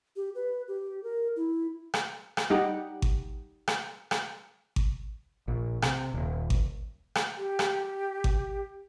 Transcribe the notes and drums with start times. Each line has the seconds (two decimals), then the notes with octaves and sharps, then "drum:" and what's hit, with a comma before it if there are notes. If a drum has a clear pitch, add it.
0.16 G4
0.35 B4
0.68 G4
1.03 A#4
1.36 E4
1.94 drum: rim click
2.37 drum: rim click
2.50 G3 D#4 G4 F#5
3.02 drum: kick G#1
3.68 drum: rim click
4.11 drum: rim click
4.76 drum: kick G#1
5.48 A#1
5.82 C3, drum: rim click
6.14 D#1
6.50 drum: kick G#1
7.15 drum: rim click
7.37 G4
7.59 drum: rim click
8.24 drum: kick G#1